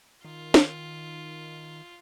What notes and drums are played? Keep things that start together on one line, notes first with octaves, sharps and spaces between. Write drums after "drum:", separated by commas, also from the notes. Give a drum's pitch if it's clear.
D#3 F4
drum: snare